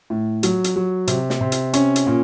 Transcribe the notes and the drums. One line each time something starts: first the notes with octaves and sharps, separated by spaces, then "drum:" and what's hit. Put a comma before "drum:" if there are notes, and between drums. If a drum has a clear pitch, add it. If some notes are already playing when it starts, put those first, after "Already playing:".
A2
F#3, drum: hi-hat
drum: hi-hat
F#3
C3, drum: hi-hat
drum: snare
C3
drum: hi-hat
C#4, drum: hi-hat
drum: hi-hat
A#2